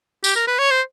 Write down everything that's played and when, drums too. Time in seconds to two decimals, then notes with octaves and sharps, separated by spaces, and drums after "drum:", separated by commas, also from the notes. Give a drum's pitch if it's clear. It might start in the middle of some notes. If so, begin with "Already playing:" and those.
0.24 G4, drum: tambourine
0.36 A#4
0.47 B4
0.59 C#5
0.71 C5